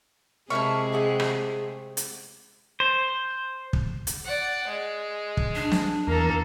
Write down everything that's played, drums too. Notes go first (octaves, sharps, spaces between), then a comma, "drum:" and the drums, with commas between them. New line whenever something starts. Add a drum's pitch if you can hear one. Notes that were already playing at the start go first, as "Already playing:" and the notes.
C3 G#3 E4 A#4 C5 E5 A5 C#6
A3 G#4 F#5
drum: rim click
drum: hi-hat
C5
drum: kick
drum: hi-hat
D5 F#5
G#3
drum: kick
D4
drum: snare
E2 A#3 A4 A#4